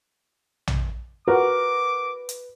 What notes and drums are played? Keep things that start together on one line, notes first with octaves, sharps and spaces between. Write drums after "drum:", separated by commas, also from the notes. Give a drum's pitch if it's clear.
drum: tom A#1
F#4 A#4 B4 F#5 D6
drum: hi-hat